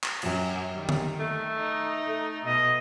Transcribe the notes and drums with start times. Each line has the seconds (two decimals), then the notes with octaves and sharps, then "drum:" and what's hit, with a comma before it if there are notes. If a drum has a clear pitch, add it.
0.04 drum: clap
0.22 F#2, drum: cymbal
0.75 D#3 G3
0.89 drum: tom D3
1.19 A3
1.57 D#4
2.08 A3
2.45 B2 D#5